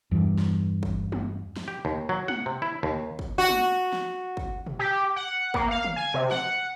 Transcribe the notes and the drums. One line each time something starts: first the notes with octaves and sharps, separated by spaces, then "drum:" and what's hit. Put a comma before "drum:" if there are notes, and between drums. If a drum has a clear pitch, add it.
E2 G2
drum: snare
drum: kick
drum: tom
drum: snare
G4
D#2
F#3
F#5, drum: tom
C3
E4
D#2
drum: kick
F#4
drum: tom
drum: snare
drum: kick
drum: tom
G4
F#5
A#3, drum: kick
F5
drum: tom
G#5
C3
F#5, drum: snare